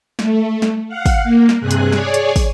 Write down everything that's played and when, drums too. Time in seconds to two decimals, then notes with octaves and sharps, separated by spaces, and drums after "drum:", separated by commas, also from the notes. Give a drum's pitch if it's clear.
0.19 A3, drum: snare
0.62 drum: snare
0.88 F5 F#5
1.06 drum: kick, open hi-hat
1.23 A#3
1.49 drum: snare
1.59 G2 C3 G#4 F#6
1.71 drum: hi-hat
1.92 G#4 C#5 D5 G#5, drum: snare
2.14 drum: hi-hat
2.36 drum: kick, open hi-hat